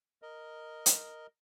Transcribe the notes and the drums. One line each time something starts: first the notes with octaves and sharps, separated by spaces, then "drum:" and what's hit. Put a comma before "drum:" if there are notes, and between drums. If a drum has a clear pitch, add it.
A#4 D#5
drum: hi-hat